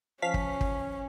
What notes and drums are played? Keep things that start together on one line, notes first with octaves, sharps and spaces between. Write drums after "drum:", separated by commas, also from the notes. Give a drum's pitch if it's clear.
F3 C#4 F5 B6
drum: kick
drum: kick